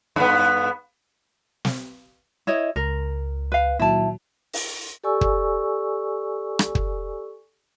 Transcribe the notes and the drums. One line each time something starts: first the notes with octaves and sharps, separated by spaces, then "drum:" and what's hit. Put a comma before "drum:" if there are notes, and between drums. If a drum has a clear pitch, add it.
G2 B3
drum: snare
E4 C#5 D#5
C#2 A#4
B4 F5
A#2 D#3 F#3 E4 A5
drum: open hi-hat
G4 A4 D5 G#5 C#6 E6
drum: kick
drum: rim click
drum: kick